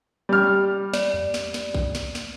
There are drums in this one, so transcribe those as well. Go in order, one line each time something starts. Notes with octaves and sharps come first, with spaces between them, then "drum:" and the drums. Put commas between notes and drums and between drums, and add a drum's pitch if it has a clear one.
G3 F6
D5, drum: snare
drum: tom E2
drum: snare
drum: snare
drum: kick A#1
drum: snare
drum: snare